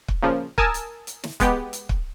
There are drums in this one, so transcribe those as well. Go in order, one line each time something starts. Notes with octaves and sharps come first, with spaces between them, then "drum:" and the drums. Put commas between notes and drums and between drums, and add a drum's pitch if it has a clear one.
drum: kick
A#2 C#3 F3
A#4 G#5 A5 D#6 E6, drum: kick
drum: hi-hat
drum: hi-hat
drum: snare
G#3 B3 G4, drum: kick, hi-hat
drum: hi-hat
drum: kick